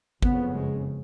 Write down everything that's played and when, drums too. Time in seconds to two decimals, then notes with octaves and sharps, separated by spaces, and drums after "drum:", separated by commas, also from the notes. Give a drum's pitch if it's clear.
0.22 F#1 F2 C#3 B3, drum: kick
0.54 G#3